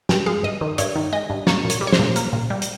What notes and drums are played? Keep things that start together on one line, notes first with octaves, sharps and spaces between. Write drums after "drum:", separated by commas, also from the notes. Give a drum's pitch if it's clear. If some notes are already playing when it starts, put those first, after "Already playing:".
G2 G5, drum: snare
G#3 F5
G2 D#5
D#3
G2 C#5, drum: hi-hat
D#3
G#3 D#5
G2
A#3 C#5, drum: snare
A#2
C#5, drum: hi-hat
G3
C#5
C5, drum: snare
A#2
A#3, drum: hi-hat
A#2
G3
drum: hi-hat